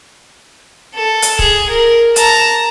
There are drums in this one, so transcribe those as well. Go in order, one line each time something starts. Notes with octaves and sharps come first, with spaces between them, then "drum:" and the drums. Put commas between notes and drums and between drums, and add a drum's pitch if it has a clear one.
A4
drum: hi-hat
G#4, drum: kick C#1
A#4
A5 A#5, drum: hi-hat